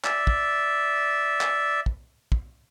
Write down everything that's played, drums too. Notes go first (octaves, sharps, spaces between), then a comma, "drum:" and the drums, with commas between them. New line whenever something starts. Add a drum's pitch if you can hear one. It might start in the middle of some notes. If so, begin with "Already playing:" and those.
D5 E5, drum: clap
drum: kick
drum: clap
drum: kick
drum: kick